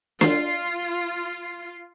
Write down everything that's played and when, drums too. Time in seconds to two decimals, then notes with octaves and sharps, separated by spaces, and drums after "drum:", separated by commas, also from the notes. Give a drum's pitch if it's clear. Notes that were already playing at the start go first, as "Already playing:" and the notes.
0.21 F4 C7, drum: snare